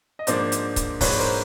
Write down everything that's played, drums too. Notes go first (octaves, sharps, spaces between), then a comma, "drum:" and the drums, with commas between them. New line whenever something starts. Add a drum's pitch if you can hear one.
D#5
G#2 F3 A#3 D4 C5 D5, drum: hi-hat
drum: hi-hat
drum: kick C#1, hi-hat
G#2 F3 A#3 D4 B4 C#5, drum: kick C#1, open hi-hat
A#4 C5